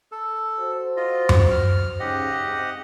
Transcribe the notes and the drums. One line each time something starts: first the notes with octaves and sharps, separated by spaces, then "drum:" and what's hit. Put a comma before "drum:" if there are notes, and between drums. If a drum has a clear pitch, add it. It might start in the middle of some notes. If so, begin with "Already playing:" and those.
A4
F#4 C5
F4 D#5
drum: tom F#2
F6
G#2 C#3 G4 D#5 F#5
G#2 C3